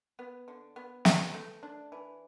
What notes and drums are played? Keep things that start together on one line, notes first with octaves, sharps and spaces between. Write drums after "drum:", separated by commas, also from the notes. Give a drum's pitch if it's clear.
B3
D3
B3
E3, drum: snare
A3
D4
E3